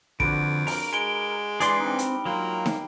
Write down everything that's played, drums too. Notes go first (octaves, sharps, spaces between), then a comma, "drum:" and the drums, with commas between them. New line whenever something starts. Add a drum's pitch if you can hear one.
F2 D3 D4 F#4 B4 D7, drum: kick
A#4, drum: open hi-hat
G#3 D7 G7
E3 G#3 D4 G#4 D5 C6, drum: hi-hat
G3 C4 D#4
drum: hi-hat
F#3 A#3 F4
drum: snare